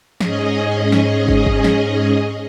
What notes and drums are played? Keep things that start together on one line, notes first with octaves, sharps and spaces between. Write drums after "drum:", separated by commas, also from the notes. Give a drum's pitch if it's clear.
G#2 C#4 G#4 D#5, drum: snare
drum: snare
drum: kick
drum: kick
drum: snare